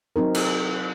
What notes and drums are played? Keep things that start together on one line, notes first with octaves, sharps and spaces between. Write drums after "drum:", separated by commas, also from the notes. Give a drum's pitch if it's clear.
F#3 C4 D#4 A#4
drum: cymbal